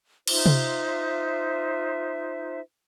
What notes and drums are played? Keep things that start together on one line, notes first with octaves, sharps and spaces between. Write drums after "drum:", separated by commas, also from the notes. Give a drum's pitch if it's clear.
D#4 F4 C5 E5, drum: cymbal
drum: tom C3